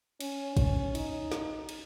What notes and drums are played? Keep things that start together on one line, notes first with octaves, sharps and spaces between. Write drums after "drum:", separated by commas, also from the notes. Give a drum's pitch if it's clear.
C#4, drum: cymbal
C#4, drum: kick, cymbal
D#4, drum: cymbal
drum: snare
drum: cymbal